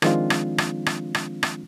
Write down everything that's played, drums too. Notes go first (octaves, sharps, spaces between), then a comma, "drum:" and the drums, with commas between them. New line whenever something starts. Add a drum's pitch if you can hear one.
D#3 F3 G#3 C4 D4 F4, drum: rim click
drum: rim click
drum: rim click
drum: rim click
drum: rim click
drum: rim click